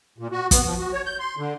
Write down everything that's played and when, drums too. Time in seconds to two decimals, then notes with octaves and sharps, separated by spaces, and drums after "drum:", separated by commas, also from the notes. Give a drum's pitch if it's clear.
0.18 A#2
0.32 F#4
0.51 B3, drum: kick, hi-hat
0.66 F3
0.79 F#4
0.93 C#5
1.06 G6
1.19 C6
1.37 D3